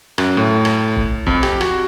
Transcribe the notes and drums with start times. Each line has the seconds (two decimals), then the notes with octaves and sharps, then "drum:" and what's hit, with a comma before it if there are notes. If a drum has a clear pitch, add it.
0.18 F#2, drum: rim click
0.37 A2
0.65 drum: rim click
0.96 drum: kick
1.27 F2, drum: kick
1.43 G4, drum: rim click
1.61 F#4, drum: rim click